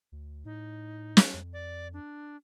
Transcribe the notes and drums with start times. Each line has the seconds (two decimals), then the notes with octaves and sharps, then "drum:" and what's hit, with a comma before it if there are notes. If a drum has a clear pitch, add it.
0.12 D2
0.45 A2 D#4
1.17 drum: snare
1.34 F2
1.53 D5
1.93 D4